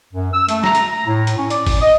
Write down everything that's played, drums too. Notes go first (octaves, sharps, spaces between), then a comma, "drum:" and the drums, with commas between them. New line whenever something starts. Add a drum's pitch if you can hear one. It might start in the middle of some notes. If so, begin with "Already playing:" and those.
F#2
E6
A3, drum: hi-hat
A#5, drum: snare
drum: hi-hat
A#5
A2
drum: hi-hat
C#4
D5, drum: hi-hat
drum: kick, open hi-hat
D#5